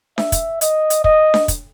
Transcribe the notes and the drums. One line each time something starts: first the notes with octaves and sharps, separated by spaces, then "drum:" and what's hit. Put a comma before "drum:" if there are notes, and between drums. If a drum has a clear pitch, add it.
E5, drum: snare D4
drum: kick, hi-hat
D#5, drum: hi-hat
drum: hi-hat
D#5, drum: kick
drum: snare D4
drum: kick, hi-hat